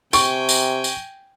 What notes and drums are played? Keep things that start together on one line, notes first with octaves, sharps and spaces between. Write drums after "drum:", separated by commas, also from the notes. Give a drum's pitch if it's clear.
C3 G5 G#5 C#6 D7, drum: tambourine
drum: tambourine
drum: tambourine